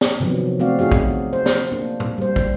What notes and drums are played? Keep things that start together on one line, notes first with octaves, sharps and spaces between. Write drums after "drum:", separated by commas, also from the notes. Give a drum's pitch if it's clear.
drum: snare
C3 D#3 F3 F#3 B3
F#3 A3 C4 F#4 D5 F5
D#4 F4 F#4 G#4 F5
drum: kick
C5
drum: snare
A#3 D4
drum: tom
G3 C5
drum: kick